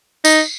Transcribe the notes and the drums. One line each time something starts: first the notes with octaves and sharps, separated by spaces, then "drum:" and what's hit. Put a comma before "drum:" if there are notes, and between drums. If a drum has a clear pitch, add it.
D#4, drum: tambourine